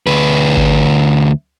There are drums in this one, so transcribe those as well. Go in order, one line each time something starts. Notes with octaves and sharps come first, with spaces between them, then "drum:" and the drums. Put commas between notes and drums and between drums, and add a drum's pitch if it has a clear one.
D2 B4
drum: kick G#1